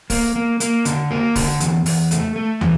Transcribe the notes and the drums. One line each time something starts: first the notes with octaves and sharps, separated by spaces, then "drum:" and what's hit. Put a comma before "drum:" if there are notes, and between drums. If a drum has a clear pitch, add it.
A#3, drum: kick, open hi-hat
A#3
A#3, drum: hi-hat
D3, drum: hi-hat
A#3
D3, drum: kick, open hi-hat
E2, drum: hi-hat
E2, drum: open hi-hat
A3, drum: hi-hat
A3
E3, drum: tom